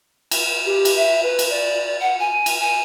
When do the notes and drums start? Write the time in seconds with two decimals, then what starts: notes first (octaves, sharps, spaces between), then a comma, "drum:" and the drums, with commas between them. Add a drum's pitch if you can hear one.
0.31 drum: cymbal
0.66 G4
0.85 drum: cymbal
0.96 E5
1.23 B4
1.39 drum: cymbal
1.50 D5
2.00 F#5
2.19 G#5
2.46 drum: cymbal
2.60 G#5